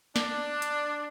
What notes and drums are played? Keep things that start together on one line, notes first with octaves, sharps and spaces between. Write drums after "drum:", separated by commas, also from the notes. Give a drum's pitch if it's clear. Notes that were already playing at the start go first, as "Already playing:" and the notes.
D4, drum: snare
drum: hi-hat